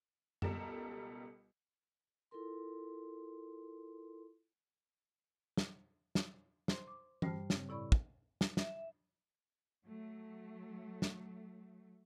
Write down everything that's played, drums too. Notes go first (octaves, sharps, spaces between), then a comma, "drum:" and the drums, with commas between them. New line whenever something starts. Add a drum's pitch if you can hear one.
C#2 B2 G3 A4 A#4 E7, drum: tom F#2
E4 F4 A4 A#4 C6
drum: snare
drum: snare
C5 C6, drum: snare
D6
G2 G3 C5 A5 F6, drum: tom E3
C#3 C4, drum: snare
A2 E4 D5 B5 C#6
drum: kick
drum: snare
E5, drum: snare
F#3 A3
drum: snare